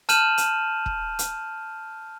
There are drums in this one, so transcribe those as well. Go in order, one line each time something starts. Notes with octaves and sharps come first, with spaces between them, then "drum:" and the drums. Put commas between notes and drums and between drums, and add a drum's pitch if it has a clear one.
A5 F6 G6 D#7 E7 F#7, drum: hi-hat
drum: hi-hat
drum: kick E1
drum: hi-hat